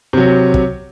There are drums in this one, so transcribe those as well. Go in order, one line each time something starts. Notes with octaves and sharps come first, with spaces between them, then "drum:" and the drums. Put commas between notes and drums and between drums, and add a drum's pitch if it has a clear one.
C3 F#3
drum: kick